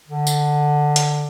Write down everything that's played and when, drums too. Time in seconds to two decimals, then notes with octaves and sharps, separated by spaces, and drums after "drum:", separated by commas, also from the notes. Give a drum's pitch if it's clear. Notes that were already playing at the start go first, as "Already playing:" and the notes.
0.08 D3
0.27 drum: tambourine
0.96 drum: hi-hat